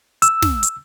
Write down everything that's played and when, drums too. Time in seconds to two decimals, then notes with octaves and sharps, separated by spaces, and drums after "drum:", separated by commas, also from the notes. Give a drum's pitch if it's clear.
0.22 E6, drum: hi-hat
0.42 drum: snare
0.63 drum: hi-hat